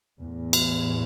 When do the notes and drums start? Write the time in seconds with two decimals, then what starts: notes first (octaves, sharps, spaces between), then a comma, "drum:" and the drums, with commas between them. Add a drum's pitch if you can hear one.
0.23 E2 A2
0.53 drum: cymbal